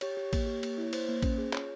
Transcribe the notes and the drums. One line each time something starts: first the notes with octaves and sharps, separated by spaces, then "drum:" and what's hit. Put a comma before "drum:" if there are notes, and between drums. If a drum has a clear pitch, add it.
G4 C#5, drum: cymbal
G4
A#3, drum: kick A1, cymbal
G4
A#3, drum: cymbal
E4
C#5
A#3 C5, drum: cymbal
A#3
C#4, drum: kick A1, cymbal
G#4
F4 C#5, drum: clap